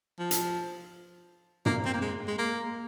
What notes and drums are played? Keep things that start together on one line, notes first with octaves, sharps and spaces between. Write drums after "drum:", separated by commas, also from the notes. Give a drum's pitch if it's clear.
F3
drum: hi-hat
A#3, drum: tom
C4
A#3
G#3
G#3
A#3